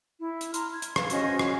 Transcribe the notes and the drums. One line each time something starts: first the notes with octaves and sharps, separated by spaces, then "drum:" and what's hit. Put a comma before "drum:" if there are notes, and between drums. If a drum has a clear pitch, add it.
E4
drum: hi-hat
A#5 C6 F6, drum: hi-hat
G#6
drum: hi-hat
B4 F5, drum: rim click
C#4 F#4 C5 D#5, drum: hi-hat
C#4 F4 F#4, drum: rim click